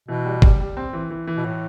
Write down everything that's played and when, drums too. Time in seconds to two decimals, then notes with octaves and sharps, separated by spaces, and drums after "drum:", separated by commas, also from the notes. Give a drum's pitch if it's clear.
0.08 B2 E3
0.25 G3
0.42 G3, drum: kick G1
0.60 G3
0.77 C4
0.93 E3
1.10 E3
1.27 E3
1.37 B2
1.44 A2 E3